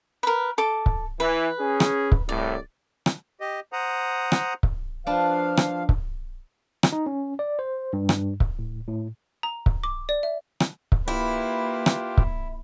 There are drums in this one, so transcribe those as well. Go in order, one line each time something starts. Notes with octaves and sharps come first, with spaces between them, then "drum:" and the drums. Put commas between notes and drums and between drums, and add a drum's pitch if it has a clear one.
A#4 B4
A4 D6
drum: kick C#1
E3 B4
C#4 G#4
drum: rim click
drum: kick C#1
C2 A2 D5
drum: rim click
G4 D#5
C5 F#5 A#5 D#6
drum: rim click
drum: kick C#1
F3 D4 B4 F5 A5
drum: rim click
drum: kick C#1
drum: rim click
D#4
C#4
D5
C5
G2
drum: rim click
drum: kick C#1
A2
A2
A#5
drum: kick C#1
D6
D5
E5
drum: rim click
drum: kick C#1
A#3 E4 F4 G4 B4
drum: rim click
drum: kick C#1